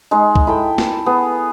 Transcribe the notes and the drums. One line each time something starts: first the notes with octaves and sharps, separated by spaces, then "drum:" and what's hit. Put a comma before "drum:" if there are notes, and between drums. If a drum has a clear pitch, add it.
G#3 D#4
drum: kick
E4 A4 G5
drum: snare
B3 G#4